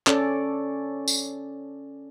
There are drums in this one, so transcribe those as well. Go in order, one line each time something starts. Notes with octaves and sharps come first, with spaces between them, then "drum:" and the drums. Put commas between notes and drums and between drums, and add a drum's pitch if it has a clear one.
C#4 A4 D5, drum: clap
drum: tambourine